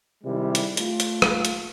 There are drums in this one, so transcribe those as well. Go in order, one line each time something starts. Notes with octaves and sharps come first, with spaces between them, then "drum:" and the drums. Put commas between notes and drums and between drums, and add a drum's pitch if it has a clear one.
C3 D#3 G3 G#3 E4
drum: hi-hat
A3 F4, drum: hi-hat
drum: hi-hat
drum: rim click
drum: hi-hat